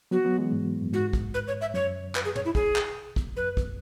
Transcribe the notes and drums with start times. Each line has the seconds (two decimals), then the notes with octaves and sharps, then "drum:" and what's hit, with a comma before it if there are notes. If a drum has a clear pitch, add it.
0.11 F#3 B3 F#4
0.25 F#3 B3
0.38 E3 G#3
0.52 G#2
0.82 F#2
0.93 G#2 F#4
1.13 drum: kick A#1
1.34 B4
1.48 C#5
1.61 E5
1.74 F#2 C#5
2.15 B4, drum: clap
2.25 G#4
2.35 C#5, drum: tom
2.45 E4
2.55 G#4, drum: kick A#1
2.76 drum: clap
3.16 drum: kick A#1
3.37 F#2 B4
3.57 drum: kick A#1